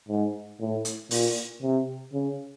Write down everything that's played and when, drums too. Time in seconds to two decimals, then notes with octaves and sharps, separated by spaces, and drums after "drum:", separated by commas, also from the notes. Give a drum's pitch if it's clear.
0.09 G#2
0.60 A2
0.85 drum: hi-hat
1.11 A#2, drum: open hi-hat
1.62 C3
2.13 C#3